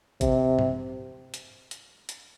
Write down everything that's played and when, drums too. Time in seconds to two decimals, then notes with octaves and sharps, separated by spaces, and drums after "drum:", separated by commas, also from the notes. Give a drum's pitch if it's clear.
0.21 C3, drum: kick, hi-hat
0.59 drum: tom G2
1.34 drum: hi-hat
1.71 drum: hi-hat
2.09 drum: hi-hat